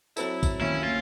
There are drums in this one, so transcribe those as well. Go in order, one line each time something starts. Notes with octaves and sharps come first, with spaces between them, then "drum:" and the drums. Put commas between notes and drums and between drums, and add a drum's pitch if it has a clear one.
F#3 C4 E4 A4, drum: tambourine
drum: kick, tambourine
D3 D#3 A#3 C#4 E4
A3 A#3 F4